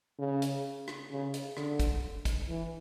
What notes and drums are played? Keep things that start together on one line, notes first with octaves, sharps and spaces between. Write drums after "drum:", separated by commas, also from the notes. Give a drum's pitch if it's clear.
C#3
drum: hi-hat
drum: rim click
C#3
drum: hi-hat
D3, drum: rim click
drum: kick, hi-hat
drum: kick, hi-hat
E3